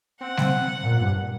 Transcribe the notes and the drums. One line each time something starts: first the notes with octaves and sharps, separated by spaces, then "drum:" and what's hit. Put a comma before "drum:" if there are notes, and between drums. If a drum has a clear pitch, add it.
C4 F#5
C4, drum: snare G3
A#2
G2